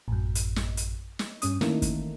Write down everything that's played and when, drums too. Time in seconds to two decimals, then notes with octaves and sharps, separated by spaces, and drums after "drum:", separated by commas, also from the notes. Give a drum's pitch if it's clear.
0.08 A1 F#2
0.35 drum: hi-hat
0.56 drum: snare
0.77 drum: hi-hat
1.19 drum: snare
1.42 G2 C#4 D#6, drum: hi-hat
1.61 D#3 E3 A3 A#3 C#4, drum: snare
1.82 drum: kick, hi-hat